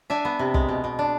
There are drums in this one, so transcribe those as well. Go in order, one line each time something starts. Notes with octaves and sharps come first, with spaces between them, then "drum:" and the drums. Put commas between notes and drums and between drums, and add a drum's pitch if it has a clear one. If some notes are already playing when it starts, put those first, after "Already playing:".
D4 E5 G#5
B3
C3
G#3, drum: kick
B2
B2
D4